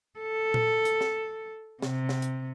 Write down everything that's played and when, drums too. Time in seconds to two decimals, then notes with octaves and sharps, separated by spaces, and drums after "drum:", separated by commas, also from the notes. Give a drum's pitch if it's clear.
0.20 A4
0.54 drum: tom A#2
0.85 drum: hi-hat
1.01 drum: snare
1.82 C3, drum: snare
2.09 drum: snare
2.22 drum: hi-hat